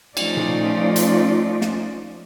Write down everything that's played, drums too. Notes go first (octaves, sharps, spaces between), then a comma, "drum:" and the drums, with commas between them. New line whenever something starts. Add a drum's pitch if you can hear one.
F3 A3 C#4 D#4 F4 D5, drum: cymbal
drum: tom A#2
drum: hi-hat
drum: snare